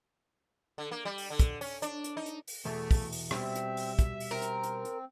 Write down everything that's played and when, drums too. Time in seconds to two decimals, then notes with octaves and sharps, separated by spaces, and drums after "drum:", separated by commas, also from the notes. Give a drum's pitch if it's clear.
0.78 D3
0.91 A#3
1.05 G3
1.18 drum: open hi-hat
1.30 D3
1.39 drum: kick, hi-hat
1.61 C#4, drum: open hi-hat
1.82 D4, drum: hi-hat
2.04 drum: hi-hat
2.17 D#4
2.26 drum: hi-hat
2.47 drum: open hi-hat
2.65 E2 B2 A3
2.91 drum: kick, open hi-hat
3.12 drum: open hi-hat
3.31 B2 G3 C4 E5, drum: rim click
3.55 drum: hi-hat
3.77 drum: open hi-hat
3.99 drum: kick, hi-hat
4.20 drum: open hi-hat
4.31 C4 A#4
4.42 drum: hi-hat
4.63 drum: hi-hat
4.85 drum: hi-hat